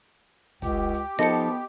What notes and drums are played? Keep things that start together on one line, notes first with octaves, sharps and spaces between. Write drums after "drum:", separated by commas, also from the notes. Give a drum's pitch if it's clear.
C#2 G4, drum: kick, hi-hat
drum: hi-hat
F3 B3 D#4 A4 D#5 C#7